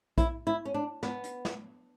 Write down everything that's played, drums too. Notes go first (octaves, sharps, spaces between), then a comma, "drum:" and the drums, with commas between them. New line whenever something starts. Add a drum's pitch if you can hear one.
E4, drum: kick A#1, hi-hat
E4
C#4
D4
B3, drum: snare
drum: hi-hat
drum: snare